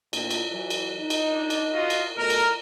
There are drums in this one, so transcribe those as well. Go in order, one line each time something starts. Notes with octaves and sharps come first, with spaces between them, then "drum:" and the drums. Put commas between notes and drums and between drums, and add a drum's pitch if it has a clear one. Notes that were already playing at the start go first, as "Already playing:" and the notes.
D2 A#2, drum: cymbal
drum: cymbal
E3 F#3
drum: cymbal
D#4
drum: cymbal
D4
drum: cymbal
F4 F#4 D#5
drum: cymbal
B2 A3 A4 A#4
drum: cymbal